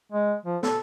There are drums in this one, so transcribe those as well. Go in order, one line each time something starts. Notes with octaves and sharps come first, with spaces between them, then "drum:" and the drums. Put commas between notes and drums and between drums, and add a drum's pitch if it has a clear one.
G#3
F3
A4, drum: snare